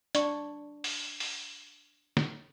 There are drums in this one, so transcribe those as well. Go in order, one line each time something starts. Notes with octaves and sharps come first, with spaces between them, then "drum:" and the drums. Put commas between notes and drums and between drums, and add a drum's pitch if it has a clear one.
D4 D5 C#6, drum: hi-hat
drum: open hi-hat
drum: open hi-hat
drum: snare